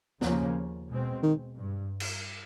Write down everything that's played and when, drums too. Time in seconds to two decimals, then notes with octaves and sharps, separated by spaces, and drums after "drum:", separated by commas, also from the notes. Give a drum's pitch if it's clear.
0.21 D#2 C#3 F3 A#3 C#4, drum: snare
0.89 B2 G#3 C4
1.23 D#3
1.56 G2
2.00 drum: cymbal